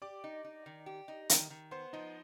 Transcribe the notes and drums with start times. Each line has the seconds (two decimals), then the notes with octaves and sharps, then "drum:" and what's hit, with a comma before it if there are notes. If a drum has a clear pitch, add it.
0.02 G4 D5 D6
0.24 D#4
0.44 D#4
0.66 D#3
0.86 G4
1.08 D#4
1.29 D#3, drum: hi-hat
1.50 D#3
1.71 B3 C5 C6
1.93 F3 D#4 D#5